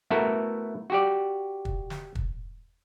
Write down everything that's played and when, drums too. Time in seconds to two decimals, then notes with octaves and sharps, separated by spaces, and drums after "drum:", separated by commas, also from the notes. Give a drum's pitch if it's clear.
0.10 A3 B3 E4 F#4 A4 A#4
0.90 F#4 G4 D5
1.65 drum: kick
1.90 drum: snare
2.15 drum: kick